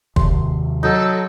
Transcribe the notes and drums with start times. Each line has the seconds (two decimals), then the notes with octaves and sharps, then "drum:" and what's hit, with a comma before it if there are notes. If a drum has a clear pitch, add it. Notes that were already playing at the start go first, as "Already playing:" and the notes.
0.16 D#2 C3 D#3 C6, drum: kick
0.83 F#3 D#4 A4